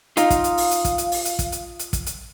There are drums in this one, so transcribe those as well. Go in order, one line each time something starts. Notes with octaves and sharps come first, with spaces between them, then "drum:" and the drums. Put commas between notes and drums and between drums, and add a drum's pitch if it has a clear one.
D#4 F4 F5, drum: hi-hat
drum: kick, hi-hat
drum: hi-hat
drum: open hi-hat
drum: hi-hat
drum: kick, hi-hat
drum: hi-hat
drum: open hi-hat
drum: hi-hat
drum: kick, hi-hat
drum: hi-hat
drum: hi-hat
drum: kick, hi-hat
drum: hi-hat